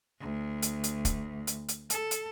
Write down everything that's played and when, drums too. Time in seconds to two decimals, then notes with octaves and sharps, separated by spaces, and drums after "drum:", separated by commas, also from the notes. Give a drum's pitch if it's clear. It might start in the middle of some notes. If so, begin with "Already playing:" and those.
0.20 D2
0.62 drum: hi-hat
0.84 drum: hi-hat
1.05 drum: kick, hi-hat
1.47 drum: hi-hat
1.68 drum: hi-hat
1.90 A4, drum: hi-hat
2.11 drum: hi-hat